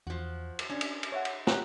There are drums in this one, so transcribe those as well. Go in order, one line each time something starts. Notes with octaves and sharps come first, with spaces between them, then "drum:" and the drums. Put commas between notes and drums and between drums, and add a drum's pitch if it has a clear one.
E2 F3 F#4
drum: cymbal
C#4 D4 D5
drum: cymbal
drum: cymbal
C#5 E5 F#5
drum: cymbal
G4 C#5 F#5 A#5, drum: snare